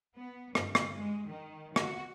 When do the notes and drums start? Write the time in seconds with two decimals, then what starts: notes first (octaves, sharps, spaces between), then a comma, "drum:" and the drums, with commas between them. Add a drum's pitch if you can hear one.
0.15 B3
0.55 G2, drum: rim click
0.75 drum: rim click
0.94 G#3
1.28 D#3
1.76 F#4, drum: rim click